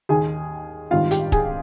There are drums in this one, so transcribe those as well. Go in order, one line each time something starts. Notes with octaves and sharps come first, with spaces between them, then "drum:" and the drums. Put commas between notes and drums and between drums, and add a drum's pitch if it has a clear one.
D#2 D#3 G#4 G#5
G#1 G2 D#3 F4 F5
G4 G5, drum: hi-hat
G#4 G#5, drum: kick